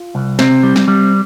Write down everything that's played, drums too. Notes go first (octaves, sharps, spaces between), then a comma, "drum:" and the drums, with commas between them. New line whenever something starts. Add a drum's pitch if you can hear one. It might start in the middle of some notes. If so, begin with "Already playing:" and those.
Already playing: F4
C2
C3 C4, drum: snare
G3
drum: snare
G3